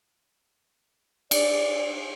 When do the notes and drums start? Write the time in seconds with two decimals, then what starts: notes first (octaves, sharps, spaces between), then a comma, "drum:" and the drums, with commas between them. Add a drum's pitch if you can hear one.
1.31 D5, drum: cymbal